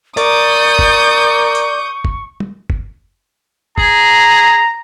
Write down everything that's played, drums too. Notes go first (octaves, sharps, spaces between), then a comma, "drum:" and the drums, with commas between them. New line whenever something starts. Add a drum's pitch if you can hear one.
A#4 D5 C#6 D#6 G6, drum: hi-hat
drum: kick F#1
drum: hi-hat
drum: kick F#1
drum: tom
drum: kick F#1
G#4 A#5, drum: kick F#1